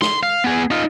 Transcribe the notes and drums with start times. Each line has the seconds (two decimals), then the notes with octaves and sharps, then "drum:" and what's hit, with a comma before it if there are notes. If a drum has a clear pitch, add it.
0.02 C6, drum: snare
0.23 F5
0.44 B3 G#4
0.71 D#4 F4